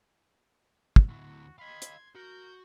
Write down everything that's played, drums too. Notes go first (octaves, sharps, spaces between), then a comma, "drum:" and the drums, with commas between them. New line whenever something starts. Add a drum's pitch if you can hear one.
drum: kick
D2 E4 F#4
D#5 F5 B5 C6 G#6
drum: hi-hat
F#4 A#4 G6